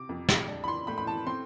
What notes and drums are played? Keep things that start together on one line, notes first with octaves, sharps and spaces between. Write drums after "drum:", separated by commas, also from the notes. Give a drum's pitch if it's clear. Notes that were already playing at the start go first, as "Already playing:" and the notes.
Already playing: C3 D6
F2
drum: snare
D4
B5
C6
A2 B5
B5
A5
C4 C6